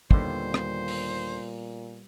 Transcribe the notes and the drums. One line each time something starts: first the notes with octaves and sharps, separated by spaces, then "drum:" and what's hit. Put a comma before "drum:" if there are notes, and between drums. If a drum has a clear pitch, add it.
D#2 A#2 D3 G3 B3 C5, drum: kick
drum: rim click
drum: open hi-hat